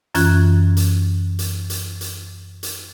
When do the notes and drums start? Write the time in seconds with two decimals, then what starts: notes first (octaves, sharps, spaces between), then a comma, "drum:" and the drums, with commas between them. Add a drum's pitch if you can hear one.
0.15 F#2 E3 C#4 F4 F#6 G#6, drum: hi-hat
0.77 drum: hi-hat
1.39 drum: hi-hat
1.70 drum: hi-hat
2.01 drum: hi-hat
2.63 drum: hi-hat